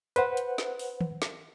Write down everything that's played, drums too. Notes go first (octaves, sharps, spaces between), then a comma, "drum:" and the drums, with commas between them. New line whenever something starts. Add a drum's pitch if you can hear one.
B4 C5 F#5, drum: hi-hat
drum: hi-hat
drum: snare
drum: open hi-hat
drum: tom D#3
drum: snare